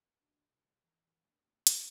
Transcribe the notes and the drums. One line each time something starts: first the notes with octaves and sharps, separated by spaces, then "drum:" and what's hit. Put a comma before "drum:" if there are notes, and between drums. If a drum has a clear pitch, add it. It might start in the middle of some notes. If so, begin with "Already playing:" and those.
D#3 D4 F#4
C3 G3 G#4
E3 F#3 C4 A#4 B4 A#5
A2 G3 B3 D4 G4
G2 A3 C4, drum: hi-hat